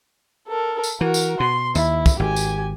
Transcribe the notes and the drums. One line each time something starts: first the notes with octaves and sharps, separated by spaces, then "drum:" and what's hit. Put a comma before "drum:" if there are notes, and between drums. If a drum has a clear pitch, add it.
A4 A#4
drum: tambourine
E3 F#4 A#4
drum: tambourine
B2 C6
D#2 E4, drum: tambourine
drum: kick, tambourine
G#1 G4 G#5
drum: tambourine